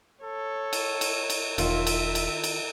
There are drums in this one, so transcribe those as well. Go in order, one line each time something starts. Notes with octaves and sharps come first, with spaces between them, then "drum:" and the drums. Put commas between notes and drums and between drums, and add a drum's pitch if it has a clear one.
A4 C#5
drum: cymbal
drum: cymbal
drum: cymbal
E1 D#3 F4 E5, drum: cymbal
drum: cymbal
drum: cymbal
drum: cymbal